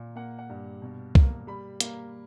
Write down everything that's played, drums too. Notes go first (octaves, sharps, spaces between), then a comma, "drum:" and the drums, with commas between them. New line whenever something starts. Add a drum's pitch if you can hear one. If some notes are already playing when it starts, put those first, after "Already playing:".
Already playing: A#2
A#3 F#5
F#5
G2
B2
A#3, drum: kick C2
G3 B5
A#3, drum: hi-hat